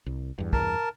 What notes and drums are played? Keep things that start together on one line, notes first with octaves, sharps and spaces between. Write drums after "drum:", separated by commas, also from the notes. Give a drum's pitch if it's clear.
C2
E2 G2
A#4 A5, drum: kick